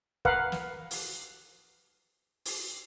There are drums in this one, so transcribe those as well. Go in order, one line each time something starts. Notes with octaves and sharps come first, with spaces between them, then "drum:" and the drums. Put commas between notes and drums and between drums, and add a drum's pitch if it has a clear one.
A#4 B4 F5 F#5, drum: kick
drum: snare
drum: open hi-hat
drum: open hi-hat